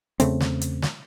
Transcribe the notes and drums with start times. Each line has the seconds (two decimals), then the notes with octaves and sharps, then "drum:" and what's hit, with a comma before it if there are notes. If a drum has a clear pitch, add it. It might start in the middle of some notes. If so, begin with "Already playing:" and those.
0.20 E2 C#3 A3 C4, drum: hi-hat
0.41 drum: snare
0.61 drum: hi-hat
0.82 drum: snare